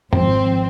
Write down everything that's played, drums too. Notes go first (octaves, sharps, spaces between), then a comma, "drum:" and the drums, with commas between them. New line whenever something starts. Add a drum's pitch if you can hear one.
G#1 G#2 F3 C4, drum: tom F2